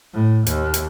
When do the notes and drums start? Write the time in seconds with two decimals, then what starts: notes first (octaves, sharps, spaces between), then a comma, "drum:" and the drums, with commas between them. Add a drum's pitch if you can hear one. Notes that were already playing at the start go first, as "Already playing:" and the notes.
0.13 A2
0.47 D#2, drum: hi-hat
0.74 drum: hi-hat